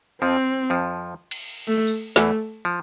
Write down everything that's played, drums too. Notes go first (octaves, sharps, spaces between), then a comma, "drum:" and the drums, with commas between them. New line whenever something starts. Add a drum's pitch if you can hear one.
F2 F3 C4
F2 F3
drum: cymbal
A3, drum: hi-hat
drum: tambourine
E2 E3 A3, drum: snare
F3